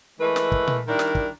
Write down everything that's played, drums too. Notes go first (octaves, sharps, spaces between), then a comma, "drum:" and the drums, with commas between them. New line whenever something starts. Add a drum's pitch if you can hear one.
E3 G#3 A3 A#4 B4
drum: snare
drum: kick
drum: tom A#2
D#3 G3 D4 E4 A#4
drum: snare
drum: kick